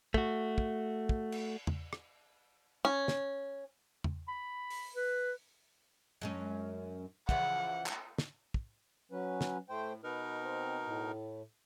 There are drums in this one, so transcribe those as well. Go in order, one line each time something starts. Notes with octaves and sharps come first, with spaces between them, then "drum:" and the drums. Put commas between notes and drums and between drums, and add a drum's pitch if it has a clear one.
A3 F#4, drum: kick
drum: kick
drum: kick
drum: cymbal
drum: tom E2
drum: rim click
C#4
drum: snare
drum: tom E2
B5
drum: open hi-hat
B4
F#2 G#3 C#4
C#3 E3 F3 F#5, drum: kick
drum: clap
drum: snare
drum: kick
F#3 C#4 B4
drum: snare
A2 A3 C5 G5
B2 D#4 A#4 B4
C4
A2